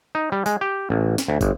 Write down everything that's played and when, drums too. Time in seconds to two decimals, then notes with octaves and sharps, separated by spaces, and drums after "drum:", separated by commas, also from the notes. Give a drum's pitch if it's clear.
0.15 D#4
0.32 G3
0.46 G#3, drum: tambourine
0.61 G4
0.90 A1
1.18 drum: snare
1.28 D2
1.41 G1, drum: kick, tambourine